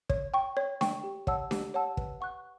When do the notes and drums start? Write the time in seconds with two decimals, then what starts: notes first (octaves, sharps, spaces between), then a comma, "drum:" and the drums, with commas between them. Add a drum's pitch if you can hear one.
0.10 C#5, drum: kick
0.34 G5 C#6
0.57 C#5
0.81 G5 C#6, drum: snare D4
1.03 G4
1.27 C#5 F#5 A5 E6, drum: kick
1.51 G4, drum: snare D4
1.74 C#5 F#5 A5 E6
1.97 B4, drum: kick
2.21 F#5 C#6 F#6